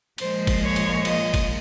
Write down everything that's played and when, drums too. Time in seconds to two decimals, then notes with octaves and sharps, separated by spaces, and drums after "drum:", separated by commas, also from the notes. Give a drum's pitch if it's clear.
0.18 A#2 F3 G#3 C5, drum: cymbal
0.47 drum: kick F#1, cymbal
0.62 C#5
0.76 drum: cymbal
1.05 D#5, drum: cymbal
1.34 drum: kick F#1, cymbal